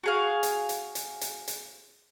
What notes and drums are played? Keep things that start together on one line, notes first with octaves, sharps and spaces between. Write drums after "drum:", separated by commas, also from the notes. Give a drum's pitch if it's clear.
F#4 G#4 F5
drum: hi-hat
drum: hi-hat
drum: hi-hat
drum: hi-hat
drum: hi-hat